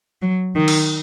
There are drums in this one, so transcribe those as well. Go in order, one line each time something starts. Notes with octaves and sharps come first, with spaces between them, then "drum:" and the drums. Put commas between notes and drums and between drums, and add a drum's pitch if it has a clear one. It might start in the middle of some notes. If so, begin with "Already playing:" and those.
F#3
D#3
drum: cymbal